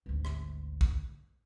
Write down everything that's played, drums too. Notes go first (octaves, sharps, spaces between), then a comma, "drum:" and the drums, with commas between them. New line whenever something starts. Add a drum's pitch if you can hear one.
G#1 D2
drum: rim click
drum: kick